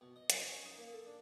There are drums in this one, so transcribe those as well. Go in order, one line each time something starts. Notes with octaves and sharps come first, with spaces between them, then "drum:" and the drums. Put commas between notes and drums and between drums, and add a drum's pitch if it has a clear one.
B2
D#5
F#2, drum: hi-hat
C#4
D#4
A#3
A4
D4